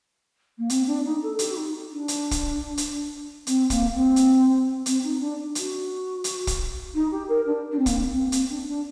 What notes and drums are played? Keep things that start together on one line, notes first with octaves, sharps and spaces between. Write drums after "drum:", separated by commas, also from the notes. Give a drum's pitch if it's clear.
A#3
C4, drum: hi-hat
D4
D#4
A4
G4, drum: hi-hat
F#4
D#4
D4
drum: hi-hat
drum: kick, hi-hat
drum: hi-hat
C4, drum: hi-hat
A#3, drum: kick, hi-hat
C4
drum: hi-hat
C4, drum: hi-hat
D#4
D4
F#4, drum: hi-hat
drum: hi-hat
drum: kick, hi-hat
D#4
G4
A#4
D4
D4
C4
A#3, drum: kick, hi-hat
C4
C4, drum: hi-hat
D4
D4